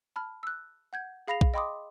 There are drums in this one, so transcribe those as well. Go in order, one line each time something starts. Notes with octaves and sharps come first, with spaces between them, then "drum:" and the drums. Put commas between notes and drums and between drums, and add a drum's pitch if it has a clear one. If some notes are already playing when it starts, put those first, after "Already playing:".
A5 B5 F6
E6 F#6
F#5 G6 G#6
G#4 F5 B5 A#6 C7 F7
drum: kick
D#5 G5 B5 C6 D6 D#6